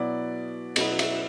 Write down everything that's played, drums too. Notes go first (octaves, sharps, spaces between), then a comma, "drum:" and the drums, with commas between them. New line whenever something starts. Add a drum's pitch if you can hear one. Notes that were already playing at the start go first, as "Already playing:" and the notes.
Already playing: B2 F#3 B3 E4 D5
B2 F#3 B3 E4 D#5, drum: cymbal
E5, drum: cymbal